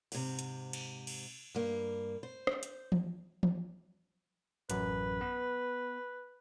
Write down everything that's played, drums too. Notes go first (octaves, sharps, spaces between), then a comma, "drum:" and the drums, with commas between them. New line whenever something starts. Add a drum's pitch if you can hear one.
G#2 C3, drum: cymbal
drum: hi-hat
drum: cymbal
drum: cymbal
G2 A#3
C5
drum: rim click
drum: hi-hat
drum: tom E3
drum: tom
A1 F#2 B4, drum: hi-hat
B3